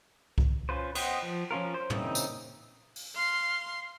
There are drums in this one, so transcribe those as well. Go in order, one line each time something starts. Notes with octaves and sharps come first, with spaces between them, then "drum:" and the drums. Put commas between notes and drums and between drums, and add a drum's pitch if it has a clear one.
drum: kick C2
C#4 F4 B4 C5
B3 C5 D#5 F#5 G5, drum: cymbal
F3
F3 C#4 F4 A#4
C5
C#3 E3 A#3 C4 D#4, drum: tom
drum: tambourine
drum: open hi-hat
F5 C6